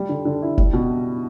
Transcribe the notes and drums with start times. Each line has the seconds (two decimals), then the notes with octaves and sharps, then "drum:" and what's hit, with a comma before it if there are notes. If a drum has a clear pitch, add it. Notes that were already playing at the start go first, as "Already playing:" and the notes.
Already playing: G3
0.09 D3
0.25 D3
0.42 E4
0.58 G3, drum: kick F1
0.73 B2